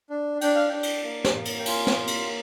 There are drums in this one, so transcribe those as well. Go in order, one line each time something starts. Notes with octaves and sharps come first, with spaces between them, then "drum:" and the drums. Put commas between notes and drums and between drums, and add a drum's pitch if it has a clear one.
D4
D4 G5, drum: cymbal
F5
D4 G5
drum: cymbal
A#3
drum: snare
A#3
drum: cymbal
G5
F4 G#5, drum: cymbal
drum: snare
A#3
drum: cymbal